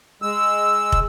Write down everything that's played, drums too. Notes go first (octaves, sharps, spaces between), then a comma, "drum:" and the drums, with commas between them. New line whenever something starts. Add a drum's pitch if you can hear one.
G#3 E6
drum: kick